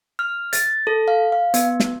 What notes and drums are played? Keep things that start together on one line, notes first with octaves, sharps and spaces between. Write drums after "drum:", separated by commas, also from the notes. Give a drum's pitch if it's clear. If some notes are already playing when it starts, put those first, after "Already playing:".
F6
A6, drum: hi-hat
A4
F5
F5
B3, drum: hi-hat
drum: snare